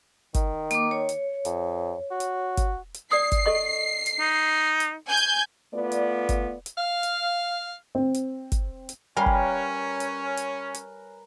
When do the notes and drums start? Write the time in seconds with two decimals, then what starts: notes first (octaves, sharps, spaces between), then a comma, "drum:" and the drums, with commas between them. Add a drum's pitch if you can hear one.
0.35 D#3, drum: kick, hi-hat
0.71 A#3 D6, drum: hi-hat
0.91 C#5
1.09 drum: hi-hat
1.45 F2, drum: hi-hat
2.11 F#4
2.20 drum: hi-hat
2.57 drum: kick, hi-hat
2.95 drum: hi-hat
3.11 D5 D#6 C7
3.32 drum: kick, hi-hat
3.46 A4 D#5 C#6
4.06 drum: hi-hat
4.20 D#4
4.80 drum: hi-hat
5.08 G#5 G6 G#6
5.18 drum: hi-hat
5.74 A3 B3 F4 B4 D5
5.92 drum: hi-hat
6.29 drum: kick, hi-hat
6.66 drum: hi-hat
6.77 F5
7.03 drum: hi-hat
7.95 C4
8.15 drum: hi-hat
8.52 drum: kick, hi-hat
8.89 drum: hi-hat
9.17 G3 C#4 A#4 B4 C#5 F5 G#5 C6
9.26 drum: kick
10.00 drum: hi-hat
10.38 drum: hi-hat
10.75 drum: hi-hat